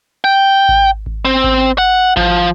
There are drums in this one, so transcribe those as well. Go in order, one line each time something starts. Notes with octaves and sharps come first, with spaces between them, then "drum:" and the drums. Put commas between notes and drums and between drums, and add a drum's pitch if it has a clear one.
G5
drum: kick G#1
drum: kick G#1
C4
drum: kick G#1
F#5
F3, drum: kick G#1